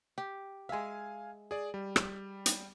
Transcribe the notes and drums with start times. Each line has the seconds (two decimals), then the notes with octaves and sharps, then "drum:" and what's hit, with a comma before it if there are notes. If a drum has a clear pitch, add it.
0.18 G4
0.69 G#3 E5 F5 G#5
1.51 G#4 D5
1.74 G3
1.96 drum: rim click
2.46 drum: hi-hat